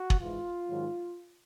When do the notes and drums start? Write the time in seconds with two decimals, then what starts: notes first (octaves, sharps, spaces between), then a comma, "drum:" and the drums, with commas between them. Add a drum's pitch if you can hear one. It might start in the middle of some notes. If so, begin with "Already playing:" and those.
Already playing: F#4
0.10 drum: kick
0.21 G#2 E3 F4
0.68 G#2 D#3 F#3